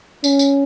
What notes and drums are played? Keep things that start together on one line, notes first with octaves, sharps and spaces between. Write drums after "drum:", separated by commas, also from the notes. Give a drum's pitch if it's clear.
C#4, drum: tambourine
drum: tambourine